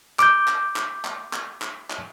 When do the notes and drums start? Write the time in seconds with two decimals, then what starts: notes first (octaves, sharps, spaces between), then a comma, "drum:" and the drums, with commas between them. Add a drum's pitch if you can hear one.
0.19 D6 G6, drum: clap
0.48 drum: clap
0.76 drum: clap
1.05 drum: clap
1.33 drum: clap
1.62 drum: clap
1.90 drum: clap